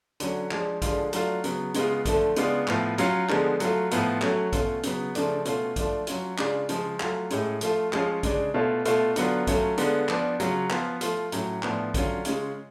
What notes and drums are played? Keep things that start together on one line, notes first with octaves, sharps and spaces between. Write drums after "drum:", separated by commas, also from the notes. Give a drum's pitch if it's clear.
D3 F#3 C#4, drum: hi-hat
F3 G#3 D4, drum: clap
D3 F3 G#3 D4 F4, drum: kick A#1, hi-hat
F#3 A3 D4 F4, drum: hi-hat
C#3 F#3 B3, drum: hi-hat
C#3 G#3 B3 F4, drum: hi-hat
D3 F3 A3, drum: kick A#1, hi-hat
C#3 G#3 B3 D4 F4, drum: hi-hat
A2 F3 B3 F4, drum: clap
F#3 C#4 F4, drum: hi-hat
D3 F3 G#3 B3, drum: clap
F#3 A3 F4, drum: hi-hat
A2 F3 B3 F4, drum: hi-hat
F#3 A3 C#4, drum: clap
B2 A3 C#4 F4, drum: kick A#1, hi-hat
C#3 F#3 B3, drum: hi-hat
C#3 F3 A3 D4, drum: hi-hat
B2 A3 C#4 F4, drum: hi-hat
F3 A3 D4 F4, drum: kick A#1, hi-hat
F#3 C#4 F4, drum: hi-hat
C#3 G#3 D4 F4, drum: clap
C#3 F3 G#3, drum: hi-hat
F#3 A3 F4, drum: clap
A2 G#3 C#4, drum: hi-hat
F3 A3 F4, drum: hi-hat
F3 G#3 C#4 F4, drum: clap
C#3 G#3 D4, drum: kick A#1, hi-hat
B2 A3 F4
B2 A3 F4, drum: hi-hat
D3 F#3 B3 F4, drum: hi-hat
F#3 A3 C#4 F4, drum: kick A#1, hi-hat
D3 G#3 B3 F4, drum: hi-hat
F3 B3 D4, drum: clap
C#3 F#3 C#4 F4, drum: hi-hat
F3 B3 F4, drum: clap
F3 A3 F4, drum: hi-hat
A2 F#3 C#4, drum: hi-hat
A2 F3 B3 D4, drum: clap
D3 F#3 C#4 F4, drum: kick A#1, hi-hat
C#3 G#3 C#4 F4, drum: hi-hat